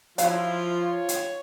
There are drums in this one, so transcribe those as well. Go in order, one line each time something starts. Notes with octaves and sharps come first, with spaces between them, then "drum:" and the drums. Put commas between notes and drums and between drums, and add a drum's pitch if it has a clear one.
F3 F#3 E4 F4 F5, drum: hi-hat
C#5
drum: hi-hat